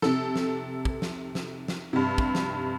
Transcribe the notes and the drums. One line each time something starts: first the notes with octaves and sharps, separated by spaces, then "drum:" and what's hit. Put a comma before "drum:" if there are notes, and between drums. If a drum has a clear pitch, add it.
C3 A4, drum: snare
drum: snare
drum: kick
drum: snare
drum: snare
drum: snare
G2 C3
drum: kick
drum: snare